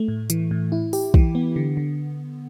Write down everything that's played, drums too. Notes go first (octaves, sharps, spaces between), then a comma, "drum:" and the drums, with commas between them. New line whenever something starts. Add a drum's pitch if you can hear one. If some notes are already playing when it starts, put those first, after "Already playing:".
Already playing: A3
A2
E3, drum: hi-hat
A2
E4
G4, drum: open hi-hat
E3, drum: kick
B3
D3
D3